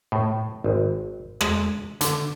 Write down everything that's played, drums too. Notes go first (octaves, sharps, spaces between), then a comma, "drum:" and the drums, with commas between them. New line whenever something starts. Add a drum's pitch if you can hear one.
A2
G#1
G#3, drum: rim click
D3, drum: hi-hat